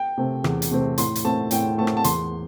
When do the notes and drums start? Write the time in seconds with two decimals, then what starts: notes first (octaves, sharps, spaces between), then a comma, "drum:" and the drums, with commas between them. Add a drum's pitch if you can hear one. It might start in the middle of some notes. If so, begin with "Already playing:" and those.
Already playing: G5
0.17 C3 A3 C4
0.44 E2, drum: rim click
0.62 drum: hi-hat
0.71 C3 A3 C4
0.98 A2 C6, drum: hi-hat
1.16 drum: hi-hat
1.25 A3 C4 A5
1.51 A2 G5, drum: hi-hat
1.78 A3 C4 A5
1.87 drum: rim click
1.97 A5
2.04 E2 C6, drum: hi-hat